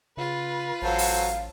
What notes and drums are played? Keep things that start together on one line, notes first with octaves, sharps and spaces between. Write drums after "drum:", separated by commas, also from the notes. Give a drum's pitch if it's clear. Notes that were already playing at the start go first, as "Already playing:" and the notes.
C#3 F4 B4
A1 F#3 A4 C5 F5
drum: open hi-hat